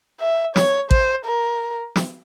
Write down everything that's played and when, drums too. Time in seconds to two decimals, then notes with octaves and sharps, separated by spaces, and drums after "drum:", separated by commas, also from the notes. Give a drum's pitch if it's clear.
0.21 E5
0.56 C#5, drum: snare
0.91 C5, drum: kick
1.26 A#4
1.96 drum: snare